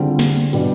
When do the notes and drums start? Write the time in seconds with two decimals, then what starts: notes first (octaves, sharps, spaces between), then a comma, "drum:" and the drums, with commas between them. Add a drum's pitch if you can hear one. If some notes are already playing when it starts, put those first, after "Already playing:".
Already playing: D3 G3 C4 F4 G#4
0.19 drum: snare
0.53 B2 G3 B3 D4 G4, drum: hi-hat